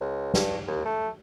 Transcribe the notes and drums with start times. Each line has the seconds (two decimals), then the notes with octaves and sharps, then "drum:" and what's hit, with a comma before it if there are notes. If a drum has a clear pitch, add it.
0.01 C#2
0.34 G2, drum: snare
0.68 D#2
0.86 A3